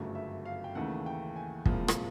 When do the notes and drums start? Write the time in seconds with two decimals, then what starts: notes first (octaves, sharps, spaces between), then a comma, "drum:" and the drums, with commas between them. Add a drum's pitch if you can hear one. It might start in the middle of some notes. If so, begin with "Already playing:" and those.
Already playing: G1 F#2 C#3 F#3 A3
0.15 E5
0.45 F5
0.64 G5
0.75 D#2 C#3 E3 A3 F#5
1.06 G5
1.36 G#5
1.66 C2 A#2 F3 G#3, drum: kick
1.88 drum: rim click